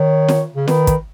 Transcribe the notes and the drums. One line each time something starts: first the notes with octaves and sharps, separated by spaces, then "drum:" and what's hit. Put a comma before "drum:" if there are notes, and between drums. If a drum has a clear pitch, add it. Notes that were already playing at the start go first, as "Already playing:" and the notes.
Already playing: D#3 C#5
drum: snare
C#3
D#3 B4, drum: snare
drum: kick, hi-hat